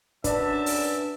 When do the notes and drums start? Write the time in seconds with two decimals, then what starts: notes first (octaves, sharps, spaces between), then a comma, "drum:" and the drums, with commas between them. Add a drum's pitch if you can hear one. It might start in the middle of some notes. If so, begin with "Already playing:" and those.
0.24 F#2 D4 B4 D5 E5 A5, drum: kick, hi-hat
0.66 drum: open hi-hat